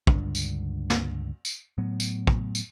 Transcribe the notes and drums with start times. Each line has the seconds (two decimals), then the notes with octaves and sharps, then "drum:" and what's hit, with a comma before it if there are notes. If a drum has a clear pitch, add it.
0.07 C#2 G2 D3, drum: kick
0.35 drum: tambourine
0.90 drum: snare
1.45 drum: tambourine
1.78 A2 F#3 B3
2.00 drum: tambourine
2.27 drum: kick
2.55 drum: tambourine